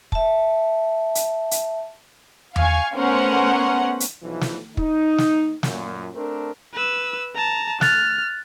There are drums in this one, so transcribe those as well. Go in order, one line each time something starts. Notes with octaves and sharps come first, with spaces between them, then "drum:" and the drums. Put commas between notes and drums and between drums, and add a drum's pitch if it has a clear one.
E5 A5, drum: kick
drum: hi-hat
drum: hi-hat
F5 G#5 C#6, drum: tom E2
A3 B3 C#4 A#4 C5 F#5
drum: hi-hat
B1 E3 F3
drum: snare
D#4, drum: kick
drum: snare
F#2 A#2, drum: snare
A3 C4 D4 A#4
B4 E6
A5 A#5
F6 F#6 A6, drum: snare